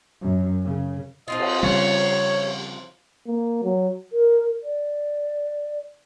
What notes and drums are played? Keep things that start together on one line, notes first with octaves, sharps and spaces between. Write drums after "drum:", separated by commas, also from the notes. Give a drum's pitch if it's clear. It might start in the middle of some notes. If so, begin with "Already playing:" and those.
F#2
C#3
F3 C4 F4 D#5
drum: cymbal
C#3 G3 C#5
A#3
F#3
A#4
D5